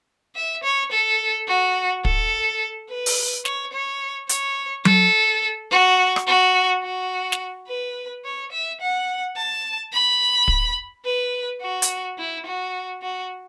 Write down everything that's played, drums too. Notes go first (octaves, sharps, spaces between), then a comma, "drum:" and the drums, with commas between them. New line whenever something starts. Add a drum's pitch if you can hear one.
E5
C#5
A4
F#4
A4, drum: kick
B4
drum: open hi-hat
C#5, drum: snare
C#5
C#5, drum: hi-hat
A4, drum: tom F#3
F#4
drum: rim click
F#4
F#4
drum: snare
B4
C#5
E5
F#5
A5
B5
drum: kick
B4
F#4
drum: hi-hat
E4
F#4
F#4